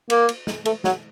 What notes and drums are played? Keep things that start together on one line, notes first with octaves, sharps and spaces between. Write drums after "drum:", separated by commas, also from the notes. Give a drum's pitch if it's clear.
A#3, drum: cymbal
drum: cymbal
drum: snare
A3, drum: cymbal
F#3, drum: snare